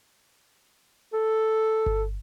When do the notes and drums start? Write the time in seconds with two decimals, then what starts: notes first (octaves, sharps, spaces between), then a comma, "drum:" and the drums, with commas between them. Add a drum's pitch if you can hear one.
1.13 A4
1.86 drum: kick G1